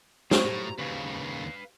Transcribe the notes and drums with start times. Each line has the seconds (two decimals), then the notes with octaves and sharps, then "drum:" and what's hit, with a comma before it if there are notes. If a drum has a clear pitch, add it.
0.31 C4 F#4 G#4 C5 C#6, drum: snare
0.45 A2 G4 A#5
0.79 D#2 C#3 B4 F5